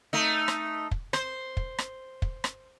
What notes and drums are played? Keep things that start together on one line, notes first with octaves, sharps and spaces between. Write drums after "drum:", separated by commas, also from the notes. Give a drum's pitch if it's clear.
A3 D#4
drum: rim click
drum: kick
C5, drum: rim click
drum: kick
drum: rim click
drum: kick
drum: rim click